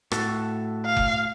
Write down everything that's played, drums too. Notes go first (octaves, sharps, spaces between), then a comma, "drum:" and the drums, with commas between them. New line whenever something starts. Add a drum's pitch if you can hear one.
A2 F#4 A4, drum: rim click
F5
drum: kick F1